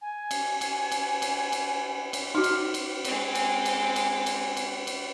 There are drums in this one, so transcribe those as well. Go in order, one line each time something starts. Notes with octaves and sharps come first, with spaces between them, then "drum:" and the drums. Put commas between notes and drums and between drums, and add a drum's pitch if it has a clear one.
G#5
drum: cymbal
drum: cymbal
drum: cymbal
drum: cymbal
drum: cymbal
drum: cymbal
D#4 F#4 F6
drum: cymbal
drum: cymbal
G#3 C4, drum: cymbal
drum: cymbal
drum: cymbal
drum: cymbal
drum: cymbal
drum: cymbal
drum: cymbal